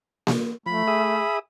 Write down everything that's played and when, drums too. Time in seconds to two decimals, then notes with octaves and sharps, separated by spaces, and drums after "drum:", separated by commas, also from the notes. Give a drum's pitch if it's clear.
0.27 drum: snare A#3
0.66 F3 A3 B5
0.87 G#4 E5 D#6